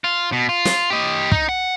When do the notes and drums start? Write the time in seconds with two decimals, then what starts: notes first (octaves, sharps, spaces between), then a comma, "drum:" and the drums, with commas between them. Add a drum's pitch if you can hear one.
0.04 F4
0.32 B2
0.49 F4
0.65 drum: snare
0.90 G4 D#5
1.32 D#4, drum: kick
1.49 F#5